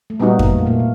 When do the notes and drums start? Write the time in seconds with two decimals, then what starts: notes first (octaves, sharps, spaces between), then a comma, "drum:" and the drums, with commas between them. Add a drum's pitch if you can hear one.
0.10 A3
0.20 A#2 G3 A#3 B3 D#4 F#4
0.39 drum: kick F2
0.50 A#3
0.58 A3
0.66 A#2 A#3
0.79 B2